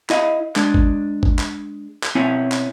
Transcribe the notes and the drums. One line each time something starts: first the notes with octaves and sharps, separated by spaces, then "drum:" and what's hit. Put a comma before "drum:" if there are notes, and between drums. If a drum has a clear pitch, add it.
E4 D#5 F5, drum: clap
G#3 D4, drum: clap
drum: kick
drum: kick
drum: clap
drum: clap
B2 C4 C#4 E4 C#5
drum: clap